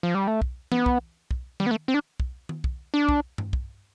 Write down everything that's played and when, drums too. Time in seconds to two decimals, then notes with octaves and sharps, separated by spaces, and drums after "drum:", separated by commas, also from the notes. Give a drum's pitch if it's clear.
0.03 F3
0.15 G3
0.27 A3
0.42 drum: kick
0.72 B3, drum: tom E3
0.86 drum: kick
1.31 drum: kick
1.60 G3, drum: tom D#3
1.66 B3
1.71 A3
1.88 C4
1.94 D4
2.20 drum: kick
2.49 drum: tom D#3
2.64 drum: kick
2.94 D4
3.09 drum: kick
3.38 drum: tom G2
3.53 drum: kick